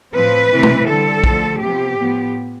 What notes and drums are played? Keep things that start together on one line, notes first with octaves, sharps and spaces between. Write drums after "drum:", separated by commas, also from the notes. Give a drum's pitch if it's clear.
A2 F3 C4 B4
C3 E3 A3 C4
drum: tom
D3 G3 C4 A4
D3 F3 A3, drum: kick A#1
C3 F3 B3 G4
A2 F3 B3